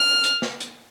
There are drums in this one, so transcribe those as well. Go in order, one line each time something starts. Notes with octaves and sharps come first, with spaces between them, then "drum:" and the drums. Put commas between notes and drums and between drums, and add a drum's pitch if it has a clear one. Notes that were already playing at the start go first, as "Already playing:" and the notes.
Already playing: F6
drum: hi-hat
drum: snare
drum: hi-hat